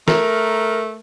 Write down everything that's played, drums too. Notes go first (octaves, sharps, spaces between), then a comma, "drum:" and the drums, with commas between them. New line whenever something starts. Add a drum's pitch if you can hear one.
A3 A#4, drum: snare